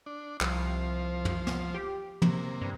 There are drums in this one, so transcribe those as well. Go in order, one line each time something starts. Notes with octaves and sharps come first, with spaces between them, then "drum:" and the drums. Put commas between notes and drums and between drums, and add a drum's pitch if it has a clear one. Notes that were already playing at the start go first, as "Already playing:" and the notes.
D4
C2 F3 C5, drum: clap
drum: tom
drum: snare
G4
C3 A#3, drum: tom
G2